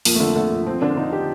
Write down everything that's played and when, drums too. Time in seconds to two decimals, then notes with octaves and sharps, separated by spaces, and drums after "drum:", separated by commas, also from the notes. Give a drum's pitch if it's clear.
0.05 F2 A#3, drum: open hi-hat
0.15 A3
0.20 D3
0.35 D3 A3
0.52 F2
0.66 F2 C4
0.82 D3 D4
0.90 F4
0.97 D3 D#4
1.13 G4